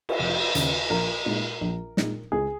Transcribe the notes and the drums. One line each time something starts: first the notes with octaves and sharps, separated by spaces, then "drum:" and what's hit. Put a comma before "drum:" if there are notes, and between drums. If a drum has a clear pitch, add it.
drum: cymbal
F1
D#2 C#3, drum: hi-hat
A#1 A#4
A#2 G#3 D#4
A#1
A#2 G#3 D#4, drum: snare
C#2 G#4